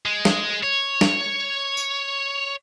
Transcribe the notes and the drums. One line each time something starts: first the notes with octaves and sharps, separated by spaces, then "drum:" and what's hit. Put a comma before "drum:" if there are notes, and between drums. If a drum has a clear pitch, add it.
G#3
drum: snare
C#5
drum: snare
drum: tambourine